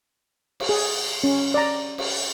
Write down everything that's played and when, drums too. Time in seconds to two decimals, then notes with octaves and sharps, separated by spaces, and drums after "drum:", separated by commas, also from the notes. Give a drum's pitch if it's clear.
0.60 drum: cymbal
0.69 G#4
1.24 C#4
1.54 D5 A#5
1.98 drum: cymbal